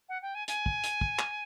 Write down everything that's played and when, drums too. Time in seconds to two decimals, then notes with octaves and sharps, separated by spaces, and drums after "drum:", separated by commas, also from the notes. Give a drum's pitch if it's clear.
0.09 F#5
0.22 G5
0.35 G#5
0.48 G#5, drum: hi-hat
0.66 drum: kick
0.84 drum: hi-hat
1.01 drum: kick
1.19 drum: clap